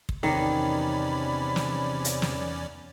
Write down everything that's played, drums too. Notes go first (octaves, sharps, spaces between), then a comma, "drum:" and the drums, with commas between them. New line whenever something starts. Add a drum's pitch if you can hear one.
drum: kick
E2 C3 D#3 C#4 D5 B5
drum: snare
drum: hi-hat
drum: snare